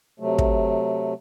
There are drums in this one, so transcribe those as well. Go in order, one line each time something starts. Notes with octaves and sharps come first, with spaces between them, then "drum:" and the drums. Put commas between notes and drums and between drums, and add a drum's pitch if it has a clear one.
C3 F#3 A3
drum: kick